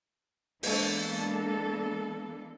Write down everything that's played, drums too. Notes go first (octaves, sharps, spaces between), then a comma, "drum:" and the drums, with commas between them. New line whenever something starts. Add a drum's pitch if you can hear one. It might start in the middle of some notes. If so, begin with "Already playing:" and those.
E3 G#3 A#3 B3 D4 A4, drum: open hi-hat